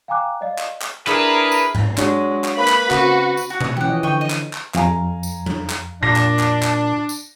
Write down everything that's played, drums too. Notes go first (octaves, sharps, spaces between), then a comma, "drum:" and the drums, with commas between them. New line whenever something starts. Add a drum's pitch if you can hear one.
F5 G5 G#5 A#5 D6 F#6
D5 D#5 F5
drum: clap
drum: clap
D4 E4 G#4 A#4 B4, drum: clap
drum: tambourine
drum: tom G#2
F#3 G#3 D4, drum: clap
drum: clap
A#3 B4 B5
drum: clap
C#3 C4 F#4, drum: clap
drum: tambourine
F#4 F#5
drum: tom B2
E3 C#4 G4 F#5
E3 F3 D#5
D3 D#5 G5 C#6
D#5
drum: clap
drum: clap
F2 F5 G#5 A#5, drum: clap
drum: tambourine
drum: tom F3
drum: clap
A#2 D4 A#6
drum: clap
drum: clap
drum: clap
drum: tambourine